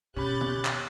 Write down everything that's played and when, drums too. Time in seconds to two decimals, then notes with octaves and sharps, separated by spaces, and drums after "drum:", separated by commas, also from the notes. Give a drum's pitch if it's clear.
0.16 B2 C#4 G4 B5 F#6 G6 A6
0.41 drum: tom
0.65 drum: clap